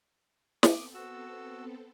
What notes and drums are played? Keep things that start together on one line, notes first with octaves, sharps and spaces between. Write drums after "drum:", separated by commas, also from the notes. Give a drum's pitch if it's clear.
B3 C4 A4 D6 D#6, drum: snare
F#4 E6